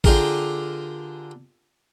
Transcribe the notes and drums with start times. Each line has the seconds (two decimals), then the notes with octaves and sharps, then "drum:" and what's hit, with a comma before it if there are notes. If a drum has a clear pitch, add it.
0.04 D3 F4 G4 G#4 A#4, drum: kick